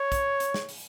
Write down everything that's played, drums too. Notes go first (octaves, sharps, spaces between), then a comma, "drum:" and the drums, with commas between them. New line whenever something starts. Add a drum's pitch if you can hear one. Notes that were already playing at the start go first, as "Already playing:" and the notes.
Already playing: C#5
drum: kick, hi-hat
drum: hi-hat
drum: snare
drum: open hi-hat